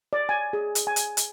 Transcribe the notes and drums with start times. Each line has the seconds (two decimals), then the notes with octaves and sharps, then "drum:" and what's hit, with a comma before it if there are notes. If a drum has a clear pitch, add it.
0.13 D5
0.29 G#5
0.53 G#4
0.75 drum: hi-hat
0.87 G#5
0.96 drum: hi-hat
1.17 drum: hi-hat